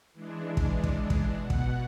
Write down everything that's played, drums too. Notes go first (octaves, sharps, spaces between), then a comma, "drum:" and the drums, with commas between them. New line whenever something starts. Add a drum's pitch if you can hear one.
E3 G#3 D4
drum: kick
drum: kick
drum: kick
B2 F#5
drum: kick